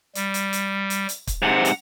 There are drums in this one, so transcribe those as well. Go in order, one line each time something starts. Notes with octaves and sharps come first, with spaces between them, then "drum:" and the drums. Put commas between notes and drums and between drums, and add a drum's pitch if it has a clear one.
G3, drum: hi-hat
drum: hi-hat
drum: hi-hat
drum: hi-hat
drum: hi-hat
drum: kick, hi-hat
G#2 C3 F#5
drum: hi-hat